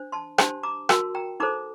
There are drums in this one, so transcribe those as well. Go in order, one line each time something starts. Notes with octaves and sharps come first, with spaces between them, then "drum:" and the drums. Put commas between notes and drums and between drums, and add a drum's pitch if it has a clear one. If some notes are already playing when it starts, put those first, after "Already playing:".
Already playing: D4 C5
A5 C6
D4 G4 C5 A5 C6, drum: rim click
A#5 D6
F#4 A#4 A5 C6, drum: rim click
G5 A#5
D#4 A4 C5 A#5 D6